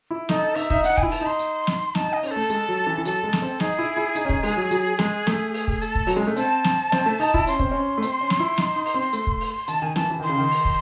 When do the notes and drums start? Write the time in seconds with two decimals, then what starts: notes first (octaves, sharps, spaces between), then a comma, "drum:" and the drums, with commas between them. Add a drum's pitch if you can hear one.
0.11 E4
0.29 D#4 A4, drum: snare
0.43 D#4
0.56 D#4 E5, drum: open hi-hat
0.70 D#4, drum: kick
0.84 D#4 F#5, drum: hi-hat
0.97 G#5, drum: kick
1.03 E4
1.12 A5, drum: open hi-hat
1.21 D#4 C6
1.39 drum: hi-hat
1.67 drum: snare
1.95 D#4 A5, drum: snare
2.08 D#4
2.13 D#5
2.23 C#4 C5, drum: open hi-hat
2.32 A3 A4
2.50 G#3, drum: hi-hat
2.68 F#3
2.87 E3
2.98 E3
3.05 F#3 A4, drum: hi-hat
3.24 G#3
3.33 drum: snare
3.42 C4
3.60 D#4 G#4, drum: snare
3.79 E4
3.97 E4
4.15 D#4, drum: hi-hat
4.25 C#4
4.29 D#4, drum: kick
4.43 G#3, drum: open hi-hat
4.57 F#3
4.71 F#3, drum: hi-hat
4.99 G#3, drum: snare
5.27 A3, drum: snare
5.54 drum: open hi-hat
5.68 drum: kick
5.82 A4, drum: hi-hat
5.95 drum: kick
6.07 F#3, drum: open hi-hat
6.16 G#3
6.27 A3
6.37 C4 A5, drum: hi-hat
6.64 drum: snare
6.92 C4, drum: snare
7.06 A3
7.20 D#4, drum: open hi-hat
7.34 E4, drum: kick
7.47 C#4 C6, drum: hi-hat
7.59 C4, drum: kick
7.71 C#4
7.98 A3
8.02 C4, drum: hi-hat
8.21 C#4
8.30 drum: snare
8.40 E4
8.58 D#4, drum: snare
8.76 D#4
8.85 drum: open hi-hat
8.95 C4
9.13 A3, drum: hi-hat
9.27 drum: kick
9.41 drum: open hi-hat
9.68 D#3 A5, drum: hi-hat
9.82 D#3 G#5
9.96 E3 A5, drum: snare
10.10 E3
10.20 D#3 C6
10.29 C#3
10.38 D#3
10.51 drum: open hi-hat
10.65 drum: kick